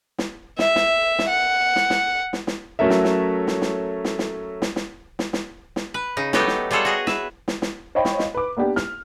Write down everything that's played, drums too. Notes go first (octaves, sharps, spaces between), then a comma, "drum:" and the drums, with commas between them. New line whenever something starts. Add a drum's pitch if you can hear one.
drum: snare
E5, drum: snare
drum: snare
drum: snare
F#5
drum: snare
drum: snare
drum: snare
drum: snare
F#3 A3 C#4 A4 A#4 E5
drum: snare
drum: snare
drum: snare
drum: snare
drum: snare
drum: snare
drum: snare
drum: snare
drum: snare
drum: snare
drum: snare
B4
C#3 D#4
F#3 A3 B3 D#4 G4, drum: snare
drum: snare
G3 F4 G#4 A4 C#5 F#5
F#4 G#4 D#5
B4 E5, drum: snare
drum: snare
drum: snare
C5 C#5 D#5 F5 G5 B5
drum: snare
drum: snare
B4 D6
A#3 B3 D4 G4
F6, drum: snare